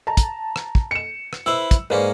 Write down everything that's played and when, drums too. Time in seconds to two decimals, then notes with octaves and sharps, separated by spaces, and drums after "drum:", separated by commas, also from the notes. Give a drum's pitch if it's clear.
0.07 A5 A#5
0.17 drum: kick, hi-hat
0.56 drum: rim click
0.75 drum: kick
0.91 C#7 E7
1.33 drum: rim click
1.46 E4 B4 C5 E6
1.71 drum: kick, hi-hat
1.90 G#2 A#3 C#4 B4 C5 D5